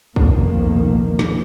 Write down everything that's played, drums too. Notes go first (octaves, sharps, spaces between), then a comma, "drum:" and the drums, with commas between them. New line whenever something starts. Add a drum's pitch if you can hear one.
F1 C2 F2 B2 D#3 A#3, drum: kick
drum: snare